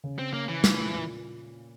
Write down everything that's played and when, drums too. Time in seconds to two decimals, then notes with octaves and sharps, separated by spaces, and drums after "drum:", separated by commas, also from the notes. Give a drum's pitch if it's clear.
0.04 C#3
0.19 C4
0.33 A#3 C#4
0.48 E3
0.64 A#2, drum: snare
0.94 A#2